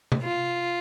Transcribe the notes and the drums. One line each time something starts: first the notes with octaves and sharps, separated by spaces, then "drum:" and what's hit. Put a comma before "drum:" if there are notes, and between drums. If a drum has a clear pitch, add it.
drum: tom C3
F4